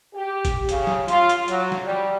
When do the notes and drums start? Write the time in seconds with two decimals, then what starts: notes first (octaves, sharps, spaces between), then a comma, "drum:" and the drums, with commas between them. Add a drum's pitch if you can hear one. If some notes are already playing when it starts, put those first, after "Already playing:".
0.15 G4
0.45 drum: kick, hi-hat
0.69 C#3, drum: hi-hat
0.87 drum: snare
1.08 F4, drum: hi-hat
1.29 drum: hi-hat
1.48 F#3, drum: hi-hat
1.72 drum: snare
1.85 G3